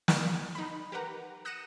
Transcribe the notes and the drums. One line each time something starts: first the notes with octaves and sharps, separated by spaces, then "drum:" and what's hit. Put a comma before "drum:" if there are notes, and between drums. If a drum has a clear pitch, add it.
F#6, drum: snare
D#4 B5
G4 A#4 B4 F#5 A#5
D#6 F#6 A#6 C#7 D#7 E7